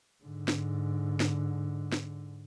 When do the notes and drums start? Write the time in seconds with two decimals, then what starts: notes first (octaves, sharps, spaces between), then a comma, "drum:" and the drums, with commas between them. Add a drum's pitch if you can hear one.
0.24 G#2 D3
0.48 drum: snare
1.20 drum: snare
1.92 drum: snare